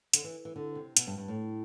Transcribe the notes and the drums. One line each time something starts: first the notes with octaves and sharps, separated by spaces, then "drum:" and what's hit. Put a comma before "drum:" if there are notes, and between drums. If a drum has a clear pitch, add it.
D3, drum: hi-hat
E3
E3
D3
C3
B2, drum: hi-hat
G2
G2
A2